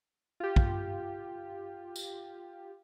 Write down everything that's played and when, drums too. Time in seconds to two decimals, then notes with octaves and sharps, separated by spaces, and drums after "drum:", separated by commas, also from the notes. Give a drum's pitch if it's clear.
0.40 F4 G4
0.56 drum: kick
1.96 drum: tambourine